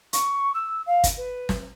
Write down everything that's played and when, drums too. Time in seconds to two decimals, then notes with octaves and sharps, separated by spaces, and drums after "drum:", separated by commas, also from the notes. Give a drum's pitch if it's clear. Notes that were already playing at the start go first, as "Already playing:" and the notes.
0.13 C#6, drum: hi-hat
0.54 E6
0.86 F5
1.04 drum: kick, hi-hat
1.17 B4
1.49 drum: snare